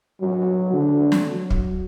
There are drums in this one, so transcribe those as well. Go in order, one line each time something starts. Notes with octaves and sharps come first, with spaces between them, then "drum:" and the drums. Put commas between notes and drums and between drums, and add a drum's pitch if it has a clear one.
F#3
D3
drum: snare
F#3
drum: kick